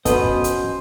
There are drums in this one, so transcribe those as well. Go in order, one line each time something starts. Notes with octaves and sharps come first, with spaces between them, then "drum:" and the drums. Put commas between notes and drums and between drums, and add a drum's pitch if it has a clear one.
B3 C#4 F#4 A4 B4 C5 D#5, drum: kick, hi-hat
drum: kick
drum: hi-hat